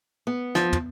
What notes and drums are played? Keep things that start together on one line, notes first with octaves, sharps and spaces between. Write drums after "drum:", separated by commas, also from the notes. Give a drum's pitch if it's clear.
B3
F3, drum: snare
drum: tom